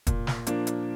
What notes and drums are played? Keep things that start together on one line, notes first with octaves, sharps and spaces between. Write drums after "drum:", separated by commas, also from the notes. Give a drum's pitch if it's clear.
A#2, drum: kick, hi-hat
drum: snare
F3 A#3 D4, drum: hi-hat
drum: hi-hat